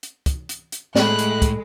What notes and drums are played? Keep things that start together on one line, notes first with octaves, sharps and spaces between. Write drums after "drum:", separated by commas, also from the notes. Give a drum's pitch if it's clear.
drum: hi-hat
drum: kick, hi-hat
drum: hi-hat
drum: hi-hat
A2 G#3 A4 B5 F#6, drum: snare
drum: hi-hat
drum: kick, hi-hat